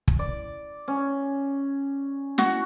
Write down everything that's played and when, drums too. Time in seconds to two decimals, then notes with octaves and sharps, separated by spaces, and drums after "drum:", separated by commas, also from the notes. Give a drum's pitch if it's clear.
0.08 drum: kick
0.19 D5
0.88 C#4
2.38 F#4, drum: snare